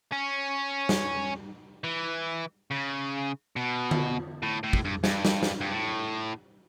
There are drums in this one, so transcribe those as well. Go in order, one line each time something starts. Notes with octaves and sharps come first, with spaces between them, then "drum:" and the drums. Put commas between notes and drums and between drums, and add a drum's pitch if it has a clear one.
C#4
drum: snare
E3
C#3
B2
drum: tom D3
A2
A2
drum: kick
G2
G2, drum: snare
drum: snare
drum: snare
G2
A2